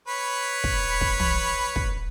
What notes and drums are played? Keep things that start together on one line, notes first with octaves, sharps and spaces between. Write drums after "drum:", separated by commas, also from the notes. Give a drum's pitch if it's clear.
B4 C#5 B5
drum: kick
drum: kick
drum: tom
drum: kick